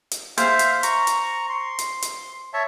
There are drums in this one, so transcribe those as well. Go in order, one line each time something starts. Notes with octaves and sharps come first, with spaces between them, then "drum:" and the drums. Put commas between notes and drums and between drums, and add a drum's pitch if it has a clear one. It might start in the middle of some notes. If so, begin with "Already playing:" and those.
drum: hi-hat
C5 E5 F5, drum: hi-hat
drum: hi-hat
A#5 C#6, drum: hi-hat
drum: hi-hat
C6
drum: hi-hat
drum: hi-hat
C#5 E5 A5